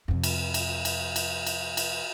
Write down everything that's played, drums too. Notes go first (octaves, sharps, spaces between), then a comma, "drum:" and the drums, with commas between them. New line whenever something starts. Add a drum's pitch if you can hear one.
F2 C3
drum: cymbal
drum: cymbal
drum: cymbal
drum: cymbal
drum: cymbal
drum: cymbal